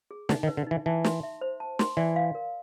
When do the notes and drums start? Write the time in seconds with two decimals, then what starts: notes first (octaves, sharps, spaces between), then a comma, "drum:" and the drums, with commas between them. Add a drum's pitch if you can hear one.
0.11 G#4
0.29 D3 D#4, drum: snare
0.43 D#3
0.47 B4
0.57 D3
0.67 E3 D#4
0.86 E3 A5
1.04 C6, drum: snare
1.23 E5
1.41 C5
1.60 A5
1.79 C6, drum: snare
1.97 E3 D5
2.16 F5
2.35 A#4